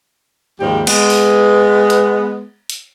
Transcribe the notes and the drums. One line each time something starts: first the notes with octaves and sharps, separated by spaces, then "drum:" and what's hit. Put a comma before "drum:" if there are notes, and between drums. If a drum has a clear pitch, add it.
D#2 G#2 F3 G3 G4
G#3 B3, drum: cymbal
drum: open hi-hat
drum: hi-hat
drum: hi-hat